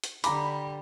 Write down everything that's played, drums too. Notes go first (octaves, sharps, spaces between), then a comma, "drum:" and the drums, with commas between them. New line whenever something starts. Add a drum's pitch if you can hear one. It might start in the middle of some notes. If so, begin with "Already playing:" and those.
drum: hi-hat
D3 G3 A#5 B5 D6, drum: hi-hat